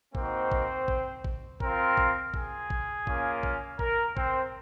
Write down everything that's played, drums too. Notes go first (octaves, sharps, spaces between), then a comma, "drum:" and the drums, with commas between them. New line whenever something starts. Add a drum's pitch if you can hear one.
A#3 C4 D#4 F#4 C5, drum: kick
drum: kick
drum: kick
drum: kick
C4 F4 A#4, drum: kick
drum: kick
G#4, drum: kick
drum: kick
A#3 C#4 F4, drum: kick
drum: kick
A#4, drum: kick
C4 C5, drum: kick